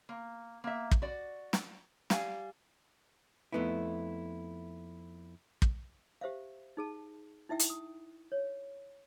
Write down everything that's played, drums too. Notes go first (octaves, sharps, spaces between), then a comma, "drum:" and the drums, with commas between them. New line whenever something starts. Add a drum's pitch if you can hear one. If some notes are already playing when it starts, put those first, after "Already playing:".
A#3
A#3 E5
drum: kick
F#4 D5
drum: snare
G3 F5 G#5, drum: snare
F2 A3 B3 D#4 E4
drum: kick
G4 C5 E5 F5
D#4 G#4 A5
D#4 E4 E5 G5
drum: hi-hat
D#6
C#5